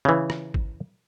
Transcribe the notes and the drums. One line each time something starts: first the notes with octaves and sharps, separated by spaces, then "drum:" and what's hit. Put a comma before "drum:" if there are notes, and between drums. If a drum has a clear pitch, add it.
C#3 E3
drum: rim click
drum: kick